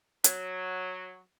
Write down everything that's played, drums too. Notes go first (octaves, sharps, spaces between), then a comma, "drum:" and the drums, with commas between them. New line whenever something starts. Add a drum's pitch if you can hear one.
F#3, drum: hi-hat